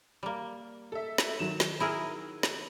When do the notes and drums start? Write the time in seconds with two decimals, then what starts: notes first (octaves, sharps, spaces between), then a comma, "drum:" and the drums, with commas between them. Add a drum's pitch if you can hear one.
0.23 G3 A#3
0.92 A4 E5
1.18 drum: snare
1.39 D#3 F#3 E7
1.60 drum: snare
1.80 E4 G#4 A#4
2.43 drum: snare